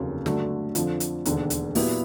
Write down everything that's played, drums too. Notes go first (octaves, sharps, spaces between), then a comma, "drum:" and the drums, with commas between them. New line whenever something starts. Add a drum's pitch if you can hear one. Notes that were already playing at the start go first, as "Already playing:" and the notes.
Already playing: F1 D#2 C#3 F#3 A#3
G2 D3 F#3 A3, drum: snare
F2 D3 F3, drum: hi-hat
drum: hi-hat
E1 D#2 D3, drum: hi-hat
drum: hi-hat
A#2 F#3 B3 E4 G4, drum: open hi-hat